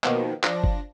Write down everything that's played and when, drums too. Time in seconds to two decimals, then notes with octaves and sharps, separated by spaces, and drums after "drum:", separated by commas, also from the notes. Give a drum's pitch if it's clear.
0.04 B2 D#3 F3 A#3 B3, drum: clap
0.43 F3 D4 A#6, drum: clap
0.64 drum: kick F#1